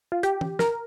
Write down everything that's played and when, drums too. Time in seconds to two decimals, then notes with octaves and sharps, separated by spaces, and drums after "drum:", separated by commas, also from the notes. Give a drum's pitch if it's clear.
0.12 F4
0.23 G4, drum: hi-hat
0.41 drum: tom
0.59 A#4, drum: snare